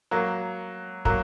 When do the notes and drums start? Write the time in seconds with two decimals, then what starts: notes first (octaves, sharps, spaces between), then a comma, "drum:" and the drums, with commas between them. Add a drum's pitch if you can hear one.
0.11 F#3 A#3
1.05 F#3 A#3, drum: kick